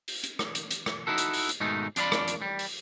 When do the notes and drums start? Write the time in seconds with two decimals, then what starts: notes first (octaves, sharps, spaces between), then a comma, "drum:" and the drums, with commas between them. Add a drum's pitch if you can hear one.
0.08 drum: open hi-hat
0.24 drum: hi-hat
0.39 drum: rim click
0.55 drum: hi-hat
0.71 drum: hi-hat
0.86 drum: rim click
1.07 D#4 E4 F#4 A4
1.18 drum: hi-hat
1.33 drum: open hi-hat
1.49 drum: hi-hat
1.60 G#2 B2 D#3 G#3 A3 D#4
1.96 F2 D4 F4 G#4 D5 B5, drum: hi-hat
2.12 drum: rim click
2.28 drum: hi-hat
2.42 G3
2.59 drum: open hi-hat